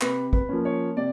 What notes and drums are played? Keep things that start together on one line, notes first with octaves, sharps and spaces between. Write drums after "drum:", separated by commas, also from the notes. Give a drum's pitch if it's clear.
C3 B4, drum: clap
B4, drum: kick
F3 A#3 C#4
C#5
C3 D5